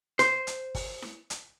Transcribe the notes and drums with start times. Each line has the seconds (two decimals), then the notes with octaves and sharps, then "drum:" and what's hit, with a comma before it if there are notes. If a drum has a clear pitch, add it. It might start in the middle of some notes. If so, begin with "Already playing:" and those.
0.19 C5, drum: hi-hat
0.47 drum: hi-hat
0.75 drum: kick, open hi-hat
1.02 drum: snare E4
1.30 drum: hi-hat